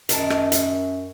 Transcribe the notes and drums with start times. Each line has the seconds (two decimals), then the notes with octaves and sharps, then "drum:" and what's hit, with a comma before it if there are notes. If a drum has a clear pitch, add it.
0.09 F#2 D#3 A#4 A5, drum: hi-hat
0.30 drum: rim click
0.52 drum: hi-hat